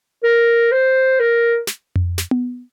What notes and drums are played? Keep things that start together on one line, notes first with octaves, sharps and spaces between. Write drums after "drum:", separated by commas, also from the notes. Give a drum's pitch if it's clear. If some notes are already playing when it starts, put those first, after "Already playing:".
A#4
C5
A#4
drum: snare
drum: tom F2
drum: snare
drum: tom B3